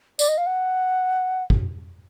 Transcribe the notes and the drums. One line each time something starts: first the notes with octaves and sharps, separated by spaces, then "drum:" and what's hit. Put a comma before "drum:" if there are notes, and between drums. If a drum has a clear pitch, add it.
D5, drum: tambourine
D#5
F5
F#5
drum: kick